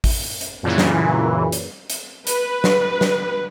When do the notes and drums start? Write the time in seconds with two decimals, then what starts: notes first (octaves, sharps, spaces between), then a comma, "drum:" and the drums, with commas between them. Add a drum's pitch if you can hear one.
0.04 drum: kick, open hi-hat
0.41 drum: hi-hat
0.63 F#2 A#2 C#3 E3
0.78 drum: snare
1.52 drum: hi-hat
1.90 drum: hi-hat
2.27 B4, drum: hi-hat
2.64 drum: snare
3.01 drum: snare